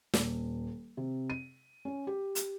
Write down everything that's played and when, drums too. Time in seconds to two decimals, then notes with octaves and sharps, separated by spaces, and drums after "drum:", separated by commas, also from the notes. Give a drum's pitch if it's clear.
0.14 D#1, drum: snare
0.97 C3
1.30 D#7
1.85 C#4
2.07 G4
2.35 drum: hi-hat